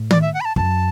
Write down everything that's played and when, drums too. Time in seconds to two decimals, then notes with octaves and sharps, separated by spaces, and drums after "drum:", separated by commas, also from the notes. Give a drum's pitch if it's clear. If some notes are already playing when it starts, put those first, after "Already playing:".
Already playing: A2
0.11 D5, drum: tom D#3
0.22 E5
0.34 F#5
0.41 B5
0.45 A5
0.56 F#2 A5, drum: kick